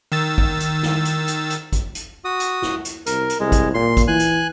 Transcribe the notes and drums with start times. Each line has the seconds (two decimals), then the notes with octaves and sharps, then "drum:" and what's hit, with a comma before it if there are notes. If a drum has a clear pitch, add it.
0.12 D#3 E6 A6
0.38 drum: kick
0.60 drum: hi-hat
0.83 drum: snare
1.05 drum: hi-hat
1.28 drum: hi-hat
1.50 drum: hi-hat
1.73 drum: kick, hi-hat
1.95 drum: hi-hat
2.25 F#4 D#6
2.40 drum: hi-hat
2.62 drum: snare
2.85 drum: hi-hat
3.06 C2 A#4, drum: hi-hat
3.30 drum: hi-hat
3.40 C2 G#3
3.52 drum: kick, hi-hat
3.74 A#2 C6
3.97 drum: kick, hi-hat
4.08 E3 G#5 F#6
4.19 drum: hi-hat